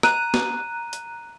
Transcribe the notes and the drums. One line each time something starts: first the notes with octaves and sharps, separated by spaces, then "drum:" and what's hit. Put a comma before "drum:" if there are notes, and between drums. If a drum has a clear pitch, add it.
A#5 F#6 D#7, drum: rim click
drum: snare
drum: hi-hat